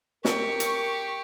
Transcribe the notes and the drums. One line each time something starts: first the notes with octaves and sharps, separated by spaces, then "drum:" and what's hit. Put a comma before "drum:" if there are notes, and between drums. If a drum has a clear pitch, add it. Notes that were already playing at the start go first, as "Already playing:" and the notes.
G4 A#4 C#6, drum: snare
drum: hi-hat